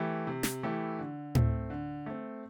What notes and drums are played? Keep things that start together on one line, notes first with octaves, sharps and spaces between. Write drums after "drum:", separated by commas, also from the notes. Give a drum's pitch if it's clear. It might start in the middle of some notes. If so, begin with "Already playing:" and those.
Already playing: E3 A3 E4 G4
C3
drum: snare
E3 A3 E4 G4
D3
A3 C4, drum: tom A2
D3
A3 C4